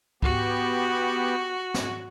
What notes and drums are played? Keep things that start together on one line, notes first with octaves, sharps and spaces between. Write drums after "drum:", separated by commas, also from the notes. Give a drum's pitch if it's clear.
B3 F#4 G4, drum: kick
drum: snare